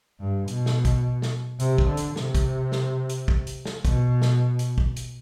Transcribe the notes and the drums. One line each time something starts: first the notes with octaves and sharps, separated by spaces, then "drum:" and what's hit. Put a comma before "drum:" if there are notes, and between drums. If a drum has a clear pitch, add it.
G2
B2, drum: hi-hat
drum: snare
drum: kick, hi-hat
drum: snare
C3, drum: hi-hat
drum: kick
D3
drum: hi-hat
C3, drum: snare
drum: kick, hi-hat
drum: snare
drum: hi-hat
drum: kick
drum: hi-hat
drum: snare
B2, drum: kick, hi-hat
drum: snare
drum: hi-hat
drum: kick
drum: hi-hat